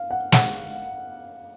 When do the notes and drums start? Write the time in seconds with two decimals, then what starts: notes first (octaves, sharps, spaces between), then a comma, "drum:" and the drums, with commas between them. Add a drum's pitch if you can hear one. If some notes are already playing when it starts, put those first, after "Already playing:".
Already playing: F5
0.11 F#5
0.32 F#5, drum: snare